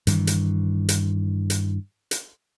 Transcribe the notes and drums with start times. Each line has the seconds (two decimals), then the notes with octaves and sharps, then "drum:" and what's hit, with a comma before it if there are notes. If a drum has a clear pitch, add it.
0.07 G2 D#3 E3, drum: hi-hat
0.27 drum: hi-hat
0.89 drum: hi-hat
1.50 drum: hi-hat
2.11 drum: hi-hat